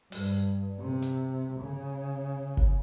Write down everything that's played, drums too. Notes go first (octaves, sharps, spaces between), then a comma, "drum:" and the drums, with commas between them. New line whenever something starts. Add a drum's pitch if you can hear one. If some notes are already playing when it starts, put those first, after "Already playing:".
G2, drum: open hi-hat
C3
drum: hi-hat
C#3
drum: kick